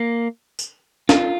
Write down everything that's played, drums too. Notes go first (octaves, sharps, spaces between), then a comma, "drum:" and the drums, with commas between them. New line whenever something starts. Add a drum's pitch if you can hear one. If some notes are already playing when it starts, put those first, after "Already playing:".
Already playing: A#3
drum: tambourine
F4, drum: snare